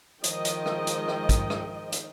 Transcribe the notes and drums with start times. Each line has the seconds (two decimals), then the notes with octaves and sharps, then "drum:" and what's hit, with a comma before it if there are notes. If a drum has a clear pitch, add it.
0.24 D#3 F3 G#3 D#5 G5, drum: hi-hat
0.45 drum: hi-hat
0.66 drum: rim click
0.87 drum: hi-hat
1.08 drum: rim click
1.29 drum: kick, hi-hat
1.50 drum: rim click
1.92 drum: hi-hat